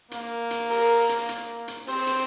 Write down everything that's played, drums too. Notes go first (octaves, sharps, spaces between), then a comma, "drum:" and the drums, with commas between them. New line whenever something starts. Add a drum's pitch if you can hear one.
A#3, drum: hi-hat
drum: hi-hat
A#4, drum: open hi-hat
drum: hi-hat
drum: hi-hat
drum: hi-hat
C4 C5, drum: open hi-hat
drum: hi-hat